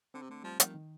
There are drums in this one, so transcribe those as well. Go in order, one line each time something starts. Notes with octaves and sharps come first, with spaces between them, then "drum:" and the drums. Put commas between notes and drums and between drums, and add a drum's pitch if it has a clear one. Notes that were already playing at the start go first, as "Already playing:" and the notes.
D3 C4
C3
D3 A3
F3 G3
D#3 F3, drum: hi-hat
D#3